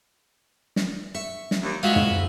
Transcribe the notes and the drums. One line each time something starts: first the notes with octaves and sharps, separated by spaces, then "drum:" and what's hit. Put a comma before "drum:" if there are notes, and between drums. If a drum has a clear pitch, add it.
drum: snare
E5 C#6
drum: snare
D#2
E3 F#3 G#3 F4 F#4 E5
drum: tom
D2